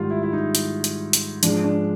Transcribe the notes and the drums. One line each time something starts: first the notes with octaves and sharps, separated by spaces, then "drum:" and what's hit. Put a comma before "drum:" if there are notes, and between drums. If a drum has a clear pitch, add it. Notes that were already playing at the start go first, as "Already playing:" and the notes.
Already playing: G#2 D#3 G3 F4 F#4
E4
E4
D#4
drum: hi-hat
drum: hi-hat
drum: hi-hat
G#2 F3 G#3 D4, drum: hi-hat
D4